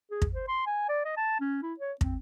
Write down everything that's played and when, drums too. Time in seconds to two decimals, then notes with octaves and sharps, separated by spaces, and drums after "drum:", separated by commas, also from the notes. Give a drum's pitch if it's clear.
0.11 G#4
0.22 drum: kick
0.34 C5
0.48 C6
0.67 G#5
0.89 D5
1.05 D#5
1.17 A5
1.40 C#4
1.62 E4
1.80 C#5
2.01 C4, drum: kick